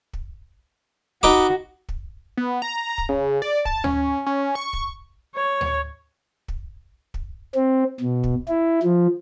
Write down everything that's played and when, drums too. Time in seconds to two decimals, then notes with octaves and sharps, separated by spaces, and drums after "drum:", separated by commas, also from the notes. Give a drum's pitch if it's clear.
0.13 drum: kick
1.23 D#4 F#4 B4 D6, drum: kick
1.89 drum: kick
2.37 B3
2.62 A#5
2.98 drum: kick
3.09 C#3
3.42 D5
3.65 A5, drum: kick
3.84 C#4, drum: tom D2
4.26 C#4
4.55 C#6
4.73 drum: kick
5.35 C#5
5.61 drum: tom D2
6.48 drum: kick
7.14 drum: kick
7.55 C4
8.00 B2
8.24 drum: kick
8.48 E4
8.83 F3